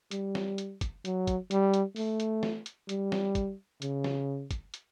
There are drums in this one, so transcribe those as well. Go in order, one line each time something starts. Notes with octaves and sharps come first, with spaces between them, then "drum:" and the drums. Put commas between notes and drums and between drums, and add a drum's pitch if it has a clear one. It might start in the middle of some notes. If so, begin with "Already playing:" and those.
G3, drum: hi-hat
drum: snare
drum: hi-hat
drum: kick, hi-hat
F#3, drum: hi-hat
drum: kick, hi-hat
G3, drum: hi-hat
drum: hi-hat
A3, drum: open hi-hat
drum: hi-hat
drum: snare
drum: hi-hat
G3, drum: hi-hat
drum: snare
drum: kick, hi-hat
C#3, drum: hi-hat
drum: snare
drum: kick, hi-hat
drum: hi-hat